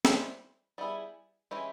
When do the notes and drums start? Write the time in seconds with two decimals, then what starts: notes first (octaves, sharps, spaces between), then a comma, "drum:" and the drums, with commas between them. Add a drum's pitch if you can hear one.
0.05 E3 G3 C4, drum: snare
0.78 G3 B3 E4 G#4
1.51 E3 G#3 C#4 E4 G4